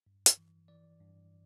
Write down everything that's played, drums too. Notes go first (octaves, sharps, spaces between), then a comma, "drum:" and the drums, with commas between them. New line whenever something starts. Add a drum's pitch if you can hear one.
G2
drum: hi-hat
E3
E3 D5
G2